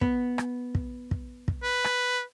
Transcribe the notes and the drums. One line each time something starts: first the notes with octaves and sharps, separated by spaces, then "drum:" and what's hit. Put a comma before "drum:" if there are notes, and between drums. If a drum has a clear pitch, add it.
B3, drum: kick
drum: rim click
drum: kick
drum: kick
drum: kick
B4
drum: rim click